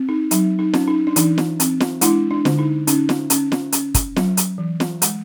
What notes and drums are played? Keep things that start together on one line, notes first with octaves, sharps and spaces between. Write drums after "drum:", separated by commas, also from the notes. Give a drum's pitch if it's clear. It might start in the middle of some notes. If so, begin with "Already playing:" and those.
Already playing: C4
D#4
F#3 D#4, drum: hi-hat
D#4
C#4, drum: snare
D#4
D4
E3 D#4, drum: hi-hat
drum: snare
C4, drum: hi-hat
drum: snare
G#3 D4 E4, drum: hi-hat
D4
D3, drum: snare
D#4
C#4 D#4, drum: hi-hat
drum: snare
C#4, drum: hi-hat
drum: snare
C#4, drum: hi-hat
drum: kick, hi-hat
F#3, drum: snare
drum: hi-hat
E3
drum: snare
G#3, drum: hi-hat